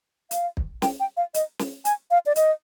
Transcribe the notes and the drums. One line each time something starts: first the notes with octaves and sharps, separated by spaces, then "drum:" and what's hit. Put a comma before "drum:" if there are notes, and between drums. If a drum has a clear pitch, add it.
F5, drum: hi-hat
drum: kick
G5, drum: snare
G5
F5
D#5, drum: hi-hat
drum: snare
G#5, drum: hi-hat
F5
D5
D#5, drum: hi-hat